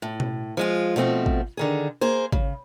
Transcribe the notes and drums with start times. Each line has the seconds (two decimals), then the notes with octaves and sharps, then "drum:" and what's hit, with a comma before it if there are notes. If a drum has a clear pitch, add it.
0.02 A2
0.20 drum: tom B2
0.57 F3 G#3 F4
0.96 B2 F3 A3 C4
1.26 drum: kick G#1
1.57 D3 D#3 G#4
2.01 A#3 G#4 C5
2.32 C#3, drum: kick G#1